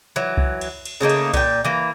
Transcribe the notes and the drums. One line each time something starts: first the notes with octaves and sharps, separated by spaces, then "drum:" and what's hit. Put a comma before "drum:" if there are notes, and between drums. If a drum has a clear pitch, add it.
E3 F#3
drum: kick C2
drum: cymbal
drum: cymbal
C#3 A3 A#3 D#4
drum: cymbal
A#2 G5, drum: kick C2, cymbal
E3 A#3